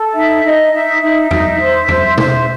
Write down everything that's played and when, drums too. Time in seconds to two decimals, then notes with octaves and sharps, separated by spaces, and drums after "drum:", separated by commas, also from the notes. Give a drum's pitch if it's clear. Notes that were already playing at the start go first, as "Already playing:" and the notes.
Already playing: A4
0.14 D#4 E5
0.43 D#4 D#5
0.72 D#4 E5
1.01 D#4 E5
1.31 D#4, drum: tom
1.60 C5
1.88 C5, drum: tom
2.18 C5, drum: tom B2